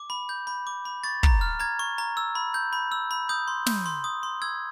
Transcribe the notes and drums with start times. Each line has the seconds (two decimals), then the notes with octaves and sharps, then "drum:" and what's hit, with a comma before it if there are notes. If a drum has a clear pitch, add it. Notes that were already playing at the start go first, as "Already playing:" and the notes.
Already playing: D6
0.10 B5
0.29 G6
0.47 B5
0.67 D6
0.85 B5
1.04 C#6 A6
1.23 A#5, drum: kick
1.41 F6
1.60 A#5 G#6
1.79 C#6
1.98 A#5
2.17 E6
2.35 B5
2.54 G6
2.73 B5
2.92 E6
3.11 B5
3.29 D#6 G6
3.48 C6
3.66 G6, drum: snare
3.86 C6
4.04 D#6
4.23 C6
4.42 E6 G#6